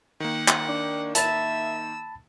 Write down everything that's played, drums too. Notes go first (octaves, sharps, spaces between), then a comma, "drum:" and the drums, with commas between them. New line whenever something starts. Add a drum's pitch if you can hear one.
D#3 A#3 F#5 G5
drum: clap
D4
E5 A5 B5 E6 A6, drum: hi-hat